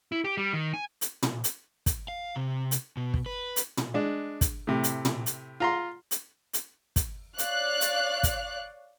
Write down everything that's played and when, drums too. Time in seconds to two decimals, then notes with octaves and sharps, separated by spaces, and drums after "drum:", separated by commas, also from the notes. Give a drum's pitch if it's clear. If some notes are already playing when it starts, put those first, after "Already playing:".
0.12 E4
0.24 G4
0.37 G3
0.53 D#3
0.74 G#5
1.01 drum: hi-hat
1.23 drum: tom
1.44 drum: hi-hat
1.86 drum: kick, hi-hat
2.08 F5
2.36 C3
2.71 drum: hi-hat
2.97 B2
3.14 drum: kick
3.26 B4
3.56 drum: hi-hat
3.77 drum: tom
3.94 G#3 D4
4.41 drum: kick, hi-hat
4.67 A2 C3
4.84 drum: hi-hat
5.05 drum: tom
5.26 drum: hi-hat
5.60 F4 A#5 C6
6.11 drum: hi-hat
6.53 drum: hi-hat
6.96 drum: kick, hi-hat
7.38 C#5 D5 F5 F#6, drum: hi-hat
7.81 drum: hi-hat
8.23 drum: kick, hi-hat